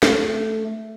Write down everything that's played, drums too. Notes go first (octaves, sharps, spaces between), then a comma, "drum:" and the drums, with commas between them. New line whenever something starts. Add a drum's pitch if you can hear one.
A3, drum: snare